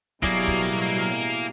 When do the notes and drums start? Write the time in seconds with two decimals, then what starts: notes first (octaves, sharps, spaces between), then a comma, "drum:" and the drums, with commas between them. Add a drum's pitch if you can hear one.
0.23 A1 B2 F#3 G3 A#3 E4 G#4 D5, drum: kick
0.48 drum: kick